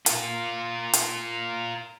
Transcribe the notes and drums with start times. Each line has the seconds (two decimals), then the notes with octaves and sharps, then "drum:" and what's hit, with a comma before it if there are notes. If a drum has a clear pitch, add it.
0.06 F4 A#4, drum: hi-hat
0.93 drum: hi-hat